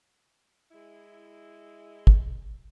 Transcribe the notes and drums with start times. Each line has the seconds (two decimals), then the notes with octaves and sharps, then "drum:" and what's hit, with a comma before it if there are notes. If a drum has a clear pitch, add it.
0.72 G#3 E4
2.07 drum: kick